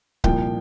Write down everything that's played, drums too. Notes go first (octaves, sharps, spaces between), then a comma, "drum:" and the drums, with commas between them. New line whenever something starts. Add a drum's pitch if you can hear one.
C2 A#2 F3 G5, drum: kick C#1